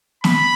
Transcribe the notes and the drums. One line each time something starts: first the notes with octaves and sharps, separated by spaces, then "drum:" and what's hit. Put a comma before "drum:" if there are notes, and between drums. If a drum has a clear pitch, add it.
B5, drum: snare